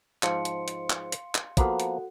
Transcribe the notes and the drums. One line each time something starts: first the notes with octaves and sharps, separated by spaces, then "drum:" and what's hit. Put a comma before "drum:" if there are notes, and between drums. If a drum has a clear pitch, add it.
G#2 F3 F5 C6 C#7, drum: clap
drum: hi-hat
drum: hi-hat
drum: clap
drum: hi-hat
drum: clap
F3 A#3 B3 F#4 A4 F#5, drum: kick, hi-hat
drum: hi-hat